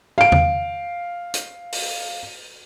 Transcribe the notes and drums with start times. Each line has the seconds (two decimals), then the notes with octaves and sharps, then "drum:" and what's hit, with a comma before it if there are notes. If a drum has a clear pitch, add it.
0.18 F5 D7
0.32 drum: tom E2
1.34 drum: hi-hat
1.72 drum: open hi-hat